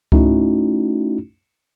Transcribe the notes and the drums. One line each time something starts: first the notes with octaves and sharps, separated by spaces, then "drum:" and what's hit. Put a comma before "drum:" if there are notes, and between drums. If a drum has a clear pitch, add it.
A3 C#4 D#4 E4 F#4, drum: kick C#2